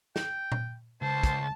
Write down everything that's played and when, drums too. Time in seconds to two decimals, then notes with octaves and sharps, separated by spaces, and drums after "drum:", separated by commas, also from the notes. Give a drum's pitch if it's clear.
0.16 G5, drum: snare
0.52 drum: tom A#2
1.02 C#2 C5 A5
1.23 drum: kick, hi-hat